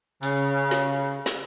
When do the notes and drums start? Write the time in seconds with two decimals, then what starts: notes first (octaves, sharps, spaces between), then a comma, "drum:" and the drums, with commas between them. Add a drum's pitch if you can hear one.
0.23 C#3, drum: cymbal
0.71 drum: snare
1.26 drum: snare